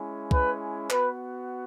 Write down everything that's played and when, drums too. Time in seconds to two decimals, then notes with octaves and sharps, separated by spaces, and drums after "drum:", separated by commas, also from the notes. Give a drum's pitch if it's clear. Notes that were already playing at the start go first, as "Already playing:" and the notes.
Already playing: G#3 C#4 E4
0.31 B4, drum: kick
0.90 B3 F#4 B4, drum: clap